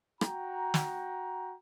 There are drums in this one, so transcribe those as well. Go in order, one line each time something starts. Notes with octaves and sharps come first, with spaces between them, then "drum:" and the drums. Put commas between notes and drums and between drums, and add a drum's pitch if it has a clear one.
F#4 G5 A#5, drum: rim click
drum: snare